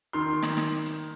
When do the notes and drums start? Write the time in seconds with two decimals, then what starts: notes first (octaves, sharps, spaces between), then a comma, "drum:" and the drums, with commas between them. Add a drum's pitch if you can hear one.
0.13 D#3 C6
0.33 D#3
0.42 drum: snare
0.57 drum: snare
0.86 drum: hi-hat